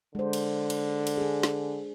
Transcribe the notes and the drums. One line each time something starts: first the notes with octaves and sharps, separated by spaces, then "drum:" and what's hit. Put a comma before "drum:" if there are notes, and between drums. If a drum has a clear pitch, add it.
D3 G#3 C5
drum: cymbal
drum: cymbal
drum: cymbal
D4 G#4
drum: snare